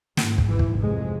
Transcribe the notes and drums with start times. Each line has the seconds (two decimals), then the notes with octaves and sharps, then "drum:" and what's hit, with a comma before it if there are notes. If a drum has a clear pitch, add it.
0.17 G#2, drum: snare
0.38 drum: kick
0.48 E3
0.59 drum: kick
0.80 F2 C3 G#3